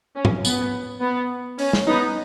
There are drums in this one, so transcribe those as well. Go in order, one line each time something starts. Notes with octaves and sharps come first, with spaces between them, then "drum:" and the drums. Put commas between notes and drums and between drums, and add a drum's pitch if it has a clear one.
C#4
drum: tom G#2
B3, drum: tambourine
B3
C#4, drum: open hi-hat
drum: snare
B3 D#4